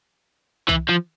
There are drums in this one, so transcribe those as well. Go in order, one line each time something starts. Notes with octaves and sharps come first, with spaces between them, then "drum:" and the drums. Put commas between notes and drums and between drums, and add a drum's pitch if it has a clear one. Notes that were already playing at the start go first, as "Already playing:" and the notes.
E3, drum: kick C2, hi-hat
F3